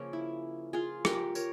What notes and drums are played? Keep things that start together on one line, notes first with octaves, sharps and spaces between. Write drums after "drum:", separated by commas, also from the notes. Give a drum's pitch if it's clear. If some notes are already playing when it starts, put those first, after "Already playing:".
Already playing: C#3 F3 A#3 C#4
E4
F4 G#4
G4 A#4, drum: rim click
A#4 C#5, drum: tambourine